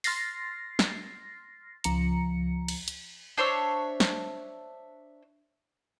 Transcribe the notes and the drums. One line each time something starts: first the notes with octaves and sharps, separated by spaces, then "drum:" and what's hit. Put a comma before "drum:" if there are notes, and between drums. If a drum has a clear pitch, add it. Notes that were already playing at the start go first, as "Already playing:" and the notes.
C6 F6 A6 A#6 C7, drum: open hi-hat
drum: snare
C#2 F3 A#5 C#7, drum: hi-hat
drum: cymbal
drum: hi-hat
D4 C5 C#5 E5
drum: snare